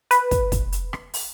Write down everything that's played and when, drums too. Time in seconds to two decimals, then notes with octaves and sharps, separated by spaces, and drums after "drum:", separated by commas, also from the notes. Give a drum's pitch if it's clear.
0.11 B4, drum: hi-hat
0.31 drum: kick, hi-hat
0.52 drum: kick, hi-hat
0.72 drum: hi-hat
0.93 drum: rim click
1.14 drum: open hi-hat